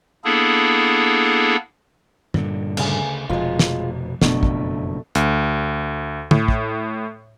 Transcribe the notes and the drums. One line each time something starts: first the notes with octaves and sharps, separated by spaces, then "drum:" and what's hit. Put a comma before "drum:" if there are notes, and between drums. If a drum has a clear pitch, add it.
A#3 B3 D4 E4 G#4 A4
G2 A#2 D3, drum: tom
D2 C#3 G#5, drum: cymbal
F1 B2 F3 G#3 F4
drum: snare
F#1 F2 B2 A3 D4, drum: snare
drum: kick
D2, drum: hi-hat
A2, drum: tom
drum: kick